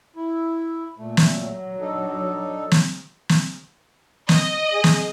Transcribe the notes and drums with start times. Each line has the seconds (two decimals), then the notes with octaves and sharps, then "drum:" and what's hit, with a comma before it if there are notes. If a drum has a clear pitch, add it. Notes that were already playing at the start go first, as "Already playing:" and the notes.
0.16 E4
0.98 A#2 A3
1.17 drum: snare
1.34 F#3
1.80 D4 D#4 A4
2.71 drum: snare
3.29 drum: snare
4.29 D#5, drum: snare
4.72 G#4
4.84 drum: snare